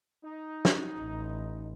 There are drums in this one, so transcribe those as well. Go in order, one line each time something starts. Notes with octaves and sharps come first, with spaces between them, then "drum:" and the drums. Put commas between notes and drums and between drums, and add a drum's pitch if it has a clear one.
D#4
drum: snare
A1